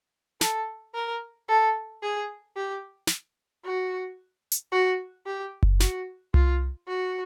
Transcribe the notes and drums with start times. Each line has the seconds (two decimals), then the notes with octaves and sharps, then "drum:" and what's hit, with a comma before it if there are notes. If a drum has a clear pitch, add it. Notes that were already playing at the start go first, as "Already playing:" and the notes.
0.41 A4, drum: snare
0.94 A#4
1.48 A4
2.03 G#4
2.56 G4
3.07 drum: snare
3.65 F#4
4.52 drum: hi-hat
4.72 F#4
5.26 G4
5.63 drum: kick F#1
5.80 F#4, drum: snare
6.34 F4, drum: tom C2
6.88 F#4